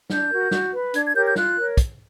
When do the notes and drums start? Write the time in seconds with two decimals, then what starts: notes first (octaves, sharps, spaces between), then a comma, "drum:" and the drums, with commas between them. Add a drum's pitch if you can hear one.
0.10 D4 G6, drum: snare
0.31 F#4 A#4
0.51 F#4, drum: snare
0.73 B4
0.94 D4 G#6, drum: hi-hat
1.04 G#6
1.15 G4 A#4 C#5 G6
1.25 G6
1.36 F4 F#6, drum: snare
1.56 A#4 C#5
1.77 drum: kick, hi-hat